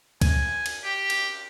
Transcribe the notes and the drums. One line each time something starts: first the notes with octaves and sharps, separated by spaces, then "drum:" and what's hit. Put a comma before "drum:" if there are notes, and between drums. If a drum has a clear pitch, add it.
G#5, drum: kick, cymbal
drum: cymbal
G4
drum: cymbal